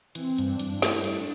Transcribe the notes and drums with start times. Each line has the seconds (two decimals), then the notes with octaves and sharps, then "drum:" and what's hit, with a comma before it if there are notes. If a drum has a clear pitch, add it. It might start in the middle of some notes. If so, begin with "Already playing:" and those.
0.15 E3 C4, drum: hi-hat
0.38 G2, drum: hi-hat
0.45 D4
0.59 G2, drum: hi-hat
0.74 E4
0.82 A3, drum: snare
1.04 G3 D4, drum: hi-hat